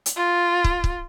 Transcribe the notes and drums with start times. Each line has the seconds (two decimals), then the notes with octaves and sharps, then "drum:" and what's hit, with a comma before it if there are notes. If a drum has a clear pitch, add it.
0.06 drum: hi-hat
0.16 F4
0.64 drum: kick
0.84 drum: kick